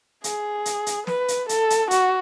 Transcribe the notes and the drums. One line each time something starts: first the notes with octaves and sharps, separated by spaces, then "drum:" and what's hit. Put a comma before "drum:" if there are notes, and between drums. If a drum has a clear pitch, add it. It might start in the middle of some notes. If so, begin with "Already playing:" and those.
G#4, drum: hi-hat
drum: hi-hat
drum: hi-hat
B4, drum: snare
drum: hi-hat
A4, drum: hi-hat
drum: hi-hat
F#4, drum: hi-hat